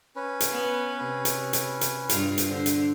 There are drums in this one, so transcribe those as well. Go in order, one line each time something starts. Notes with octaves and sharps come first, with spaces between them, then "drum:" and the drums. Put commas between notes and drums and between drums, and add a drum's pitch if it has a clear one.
C#4 B4
drum: hi-hat
B3
C3
drum: hi-hat
drum: hi-hat
drum: hi-hat
G2 F4, drum: hi-hat
drum: hi-hat
D3 C5
drum: hi-hat